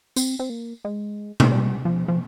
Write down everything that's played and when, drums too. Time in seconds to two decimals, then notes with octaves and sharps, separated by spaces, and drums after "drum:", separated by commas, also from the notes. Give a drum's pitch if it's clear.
0.16 C4, drum: tambourine
0.39 C4
0.50 A#3
0.84 G#3
1.40 drum: tom B2
1.52 G3
1.85 F3
2.08 F3